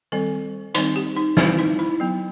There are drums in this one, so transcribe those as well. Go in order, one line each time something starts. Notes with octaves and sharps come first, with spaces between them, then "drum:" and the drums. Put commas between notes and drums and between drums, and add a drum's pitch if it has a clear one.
D#3 G3 C4 A4
D#3 G3 C4 D#4, drum: hi-hat
G4
D#4
D#3 G3 C4 E4, drum: snare
D#4
E4
F#3 B3